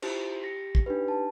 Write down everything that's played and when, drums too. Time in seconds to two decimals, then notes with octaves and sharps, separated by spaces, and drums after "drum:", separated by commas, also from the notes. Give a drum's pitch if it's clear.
0.02 E4 F4 G4 C5, drum: cymbal
0.42 G4 A#6 C#7
0.75 drum: kick
0.86 D4 D#4 G4 B4
1.08 A5